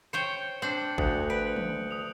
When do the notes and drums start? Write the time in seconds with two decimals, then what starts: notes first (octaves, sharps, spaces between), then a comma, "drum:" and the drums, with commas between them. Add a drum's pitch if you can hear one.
0.13 C5 C#5 G5 C#7
0.62 C4 D4 G6 F#7
0.98 D2 D#6 F#6 C#7, drum: kick G#1
1.30 B4 D7
1.56 drum: tom
1.91 D#6 F7